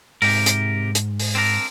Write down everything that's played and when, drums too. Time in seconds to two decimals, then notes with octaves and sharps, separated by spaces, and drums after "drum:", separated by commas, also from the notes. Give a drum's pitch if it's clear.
0.22 G#2 C3 G4 A#4, drum: open hi-hat
0.46 drum: hi-hat
0.95 drum: hi-hat
1.20 drum: open hi-hat
1.35 C4 D4 A#4